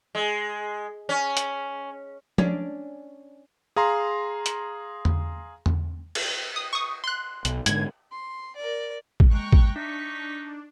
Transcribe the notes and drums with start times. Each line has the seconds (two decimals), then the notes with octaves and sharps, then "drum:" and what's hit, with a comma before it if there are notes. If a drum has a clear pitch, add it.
0.15 G#3
1.09 C#4
1.37 drum: hi-hat
2.38 C#4 D4, drum: tom F3
3.76 G#4 F5 A#5 C6
4.46 drum: hi-hat
5.05 drum: tom E2
5.66 drum: tom E2
6.15 drum: cymbal
6.56 D#6
6.73 C#6 D#6
7.04 C6 F#6
7.45 B1, drum: hi-hat
7.66 G#2 B2 D3 G#6, drum: hi-hat
8.12 C6
8.56 A#4 D5
9.20 drum: kick
9.31 G#3 A#3 G5 A#5 C#6 F#6
9.52 drum: kick
9.76 D4 D#4 E5 C#6 B6